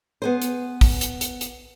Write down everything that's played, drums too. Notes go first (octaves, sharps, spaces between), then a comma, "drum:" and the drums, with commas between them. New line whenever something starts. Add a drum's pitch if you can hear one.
B3 G#4 C5
drum: hi-hat
drum: kick A1, open hi-hat
drum: hi-hat
drum: hi-hat
drum: hi-hat